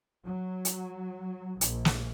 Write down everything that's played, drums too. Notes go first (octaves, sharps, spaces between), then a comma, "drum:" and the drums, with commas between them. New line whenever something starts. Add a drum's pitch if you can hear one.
F#3
drum: hi-hat
A#1, drum: hi-hat
drum: snare